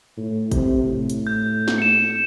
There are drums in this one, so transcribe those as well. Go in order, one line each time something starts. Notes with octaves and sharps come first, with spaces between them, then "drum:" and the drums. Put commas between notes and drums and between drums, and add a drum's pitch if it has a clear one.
A2
C3, drum: kick, hi-hat
A2
drum: hi-hat
G6
drum: snare
C#7 E7